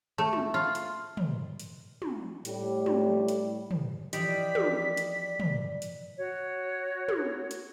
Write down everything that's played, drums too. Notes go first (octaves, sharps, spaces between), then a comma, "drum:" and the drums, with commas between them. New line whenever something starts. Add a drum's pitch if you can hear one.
A3
drum: tom
F4
drum: hi-hat
drum: tom
drum: hi-hat
drum: tom
A2 G3, drum: hi-hat
drum: tom
drum: hi-hat
drum: tom
E3 F3 G3 D5 D#5 B6, drum: hi-hat
drum: tom
drum: hi-hat
drum: tom
drum: hi-hat
F#4 C#5
drum: tom
drum: hi-hat